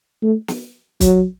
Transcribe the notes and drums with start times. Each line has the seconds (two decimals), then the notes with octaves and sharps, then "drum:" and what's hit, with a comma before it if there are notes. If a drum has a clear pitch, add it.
0.23 A3
0.48 drum: snare
1.01 F#3, drum: kick, hi-hat